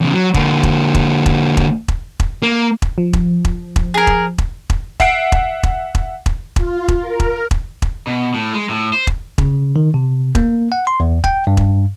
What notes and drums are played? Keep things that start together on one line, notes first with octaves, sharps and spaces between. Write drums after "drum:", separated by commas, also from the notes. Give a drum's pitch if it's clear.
E2 C#3
F#3
D3 A#3, drum: kick E1
drum: kick E1
drum: kick E1
drum: kick E1
drum: kick E1
drum: kick E1
drum: kick E1
A#3
drum: kick E1
F3
drum: kick E1
drum: kick E1
drum: kick E1
G#4 A#4
drum: kick E1
drum: kick E1
drum: kick E1
E5 F#5 C7 D7, drum: kick E1
drum: kick E1
drum: kick E1
drum: kick E1
drum: kick E1
F4, drum: kick E1
drum: kick E1
A#4
drum: kick E1
drum: kick E1
drum: kick E1
B2
A2
G#3
A2
C5
drum: kick E1
C#3, drum: kick E1
D#3
C3
A#3, drum: kick E1
F#5
C6
E2
G5, drum: kick E1
G2
drum: kick E1